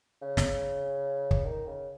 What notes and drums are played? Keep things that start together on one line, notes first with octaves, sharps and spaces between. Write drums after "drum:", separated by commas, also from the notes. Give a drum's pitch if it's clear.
C#3
drum: snare
drum: kick
D#3
C#3